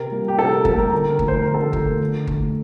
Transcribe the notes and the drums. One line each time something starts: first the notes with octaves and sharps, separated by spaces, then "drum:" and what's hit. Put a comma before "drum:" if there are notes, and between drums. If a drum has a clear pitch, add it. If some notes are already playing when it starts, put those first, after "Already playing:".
Already playing: C3 A#4
G3 A#3
G4
C3 A4
A#4
G3 A#3 A4, drum: kick G1
A#4
D3 A#4
A#4
F3 A3, drum: kick G1
C5
D3 A#4
A4
A#4
F3 A3, drum: kick G1
D3
A3, drum: kick G1